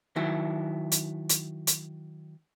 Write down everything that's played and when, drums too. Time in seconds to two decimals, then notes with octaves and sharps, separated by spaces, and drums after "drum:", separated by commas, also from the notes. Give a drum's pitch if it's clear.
0.16 D#3 F#3 E4
0.92 drum: hi-hat
1.29 drum: hi-hat
1.67 drum: hi-hat